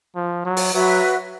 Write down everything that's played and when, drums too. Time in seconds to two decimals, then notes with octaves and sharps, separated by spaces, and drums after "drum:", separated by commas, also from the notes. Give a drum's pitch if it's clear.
0.16 F3
0.45 F#3
0.57 drum: open hi-hat
0.74 F#3 F#4 B4 E5